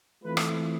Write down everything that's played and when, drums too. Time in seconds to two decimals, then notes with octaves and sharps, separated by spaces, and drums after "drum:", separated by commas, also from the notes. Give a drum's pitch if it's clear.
0.24 E3 A3 C4 F4 B4
0.37 drum: rim click